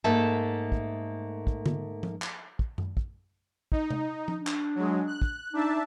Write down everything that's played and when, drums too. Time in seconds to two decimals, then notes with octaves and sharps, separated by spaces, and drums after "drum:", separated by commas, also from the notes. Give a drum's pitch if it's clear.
0.04 G#2 A3 A#3 A4 E5 A5
0.72 drum: kick
1.47 drum: kick
1.66 drum: tom D3
2.03 drum: tom F3
2.22 drum: clap
2.59 drum: kick
2.78 drum: tom F#2
2.97 drum: kick
3.72 D#4, drum: kick
3.90 drum: tom C3
4.28 drum: tom F3
4.37 D4
4.47 drum: clap
4.75 F#3 G#3
5.07 F#6
5.22 drum: kick
5.53 D4 D#4 E5 A5